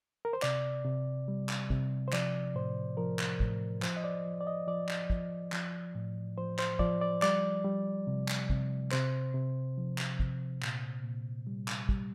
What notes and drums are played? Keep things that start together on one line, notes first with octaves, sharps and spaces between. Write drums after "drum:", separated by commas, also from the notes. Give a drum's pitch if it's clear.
A#4
C5
C3 D5, drum: clap
C3
G3
drum: clap
C3, drum: kick
C5
F3 D5, drum: clap
A2 C5
F3 A#4
drum: clap
A2, drum: kick
F3 C5, drum: clap
D#5
D5
F3
D5
D#5
F3 D5
drum: clap
F3, drum: kick
F3, drum: clap
A2
F3 C5
C5, drum: clap
F3 D5, drum: kick
D5
G3 D5, drum: clap
G3
C3
drum: clap
C3, drum: kick
C3 C5, drum: clap
C3
F3
drum: clap
C3, drum: kick
A#2, drum: clap
A#2
G3
drum: clap
G3, drum: kick